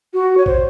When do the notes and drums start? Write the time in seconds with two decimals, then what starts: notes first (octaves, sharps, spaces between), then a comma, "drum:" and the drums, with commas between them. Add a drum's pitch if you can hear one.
0.13 F#4
0.37 C#5
0.46 C5, drum: kick A#1